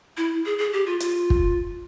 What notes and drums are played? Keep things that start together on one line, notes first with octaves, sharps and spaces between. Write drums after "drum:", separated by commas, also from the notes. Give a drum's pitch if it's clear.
E4
G#4
G#4
G4
F4
F4, drum: hi-hat
drum: kick